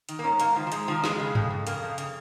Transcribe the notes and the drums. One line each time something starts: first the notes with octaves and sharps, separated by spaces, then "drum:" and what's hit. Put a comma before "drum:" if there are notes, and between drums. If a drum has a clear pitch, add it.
D#3, drum: hi-hat
A#3
G#2 C#4
G#2 A#3, drum: hi-hat
D#3 F3
F3
G#2 G#3, drum: hi-hat
D#3 F3
F2 G#3, drum: snare
C#3
F2, drum: tom G2
F2
C#3 A#3, drum: hi-hat
F2
C#3, drum: hi-hat